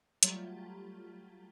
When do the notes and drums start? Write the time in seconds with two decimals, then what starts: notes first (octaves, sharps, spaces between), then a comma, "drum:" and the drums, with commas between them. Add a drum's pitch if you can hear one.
0.23 F#3 G3 A3 F4 G4, drum: hi-hat